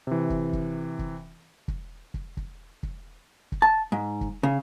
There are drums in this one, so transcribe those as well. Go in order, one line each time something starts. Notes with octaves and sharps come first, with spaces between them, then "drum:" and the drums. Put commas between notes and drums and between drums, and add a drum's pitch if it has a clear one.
C3 E3
drum: kick
drum: kick
drum: kick
drum: kick
drum: kick
drum: kick
drum: kick
drum: kick
A5
G#2
drum: kick
C#3